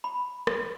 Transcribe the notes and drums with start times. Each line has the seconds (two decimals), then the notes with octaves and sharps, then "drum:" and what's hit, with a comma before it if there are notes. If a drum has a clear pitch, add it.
0.04 B5
0.47 drum: rim click